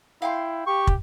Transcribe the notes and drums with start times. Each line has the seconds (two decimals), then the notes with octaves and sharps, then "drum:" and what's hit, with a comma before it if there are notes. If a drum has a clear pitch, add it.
0.22 E4 F5 G5 C6
0.67 G4 C#6
0.87 drum: kick